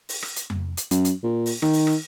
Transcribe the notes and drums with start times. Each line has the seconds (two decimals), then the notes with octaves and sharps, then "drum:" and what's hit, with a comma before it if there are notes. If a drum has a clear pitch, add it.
0.09 drum: open hi-hat
0.22 drum: rim click
0.36 drum: hi-hat
0.50 drum: tom F2
0.77 drum: hi-hat
0.91 F#2, drum: hi-hat
1.05 drum: hi-hat
1.23 A#2
1.46 drum: open hi-hat
1.62 D#3, drum: rim click
1.73 drum: open hi-hat
1.87 drum: rim click